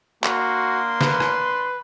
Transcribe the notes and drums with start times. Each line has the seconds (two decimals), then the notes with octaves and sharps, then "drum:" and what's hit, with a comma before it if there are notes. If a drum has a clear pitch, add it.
0.23 A#3 D4 F#4 C6, drum: clap
1.01 B4, drum: snare
1.20 drum: rim click